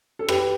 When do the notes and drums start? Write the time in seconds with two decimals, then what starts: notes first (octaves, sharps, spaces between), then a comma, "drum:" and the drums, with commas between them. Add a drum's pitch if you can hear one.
0.19 A4
0.29 G4 B4, drum: rim click